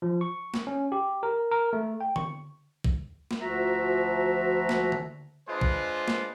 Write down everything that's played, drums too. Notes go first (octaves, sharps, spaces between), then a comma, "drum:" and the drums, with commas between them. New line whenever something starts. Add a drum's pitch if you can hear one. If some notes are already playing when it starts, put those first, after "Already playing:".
F3
C#6
drum: snare
C#4
G4
A#4
A#4
A3
G5
C#6, drum: tom D3
drum: kick
drum: snare
D2 F3 F#4 E5 A#5
drum: snare
drum: tom D3
G#3 D4 F4 B4 C5
drum: kick
drum: snare